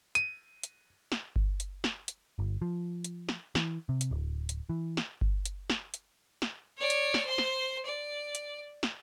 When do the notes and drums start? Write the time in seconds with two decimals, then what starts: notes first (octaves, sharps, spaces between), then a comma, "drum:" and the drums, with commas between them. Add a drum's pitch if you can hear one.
0.15 D#7, drum: hi-hat
0.63 drum: hi-hat
1.12 drum: snare
1.36 drum: kick G1
1.60 drum: hi-hat
1.84 drum: snare
2.08 drum: hi-hat
2.39 G1
2.62 F3
3.04 drum: hi-hat
3.29 drum: snare
3.55 E3, drum: snare
3.89 C3
4.01 drum: hi-hat
4.11 D1
4.49 drum: hi-hat
4.69 E3
4.97 drum: snare
5.21 drum: kick G1
5.45 drum: hi-hat
5.70 drum: snare
5.94 drum: hi-hat
6.42 drum: snare
6.77 C#5 D5
6.90 drum: hi-hat
7.14 drum: snare
7.26 C5 C6
7.38 drum: snare
7.86 D5
8.35 drum: hi-hat
8.83 drum: snare